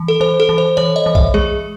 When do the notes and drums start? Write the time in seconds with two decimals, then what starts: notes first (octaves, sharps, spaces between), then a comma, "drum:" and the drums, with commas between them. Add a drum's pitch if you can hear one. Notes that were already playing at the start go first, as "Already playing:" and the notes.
Already playing: E3
0.08 A4
0.20 E3 C5
0.40 A4
0.49 E3
0.58 C5
0.77 E3 C#5
0.96 D#5
1.06 E3
1.15 E5, drum: kick A#1
1.34 G#3 G#4